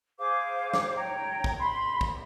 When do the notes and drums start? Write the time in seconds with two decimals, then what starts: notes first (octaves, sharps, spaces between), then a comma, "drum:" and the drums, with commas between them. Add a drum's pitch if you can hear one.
0.18 G#4 C5 F5 D6
0.74 drum: snare
0.96 C#5 G5 A#5
1.44 drum: kick
1.58 B5 C6
2.01 drum: kick